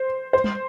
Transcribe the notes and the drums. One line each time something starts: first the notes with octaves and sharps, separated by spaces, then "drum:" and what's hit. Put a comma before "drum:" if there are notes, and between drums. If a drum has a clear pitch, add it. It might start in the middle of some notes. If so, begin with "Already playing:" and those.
Already playing: C5
C5
drum: tom G3